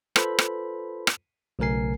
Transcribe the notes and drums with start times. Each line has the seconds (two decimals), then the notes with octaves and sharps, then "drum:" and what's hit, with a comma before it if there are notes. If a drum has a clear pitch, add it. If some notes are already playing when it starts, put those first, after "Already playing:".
0.16 F4 A4 B4 C5 B5, drum: rim click
0.39 drum: rim click
1.07 drum: rim click
1.59 B1 C#3 A3 A#4 G#5 C7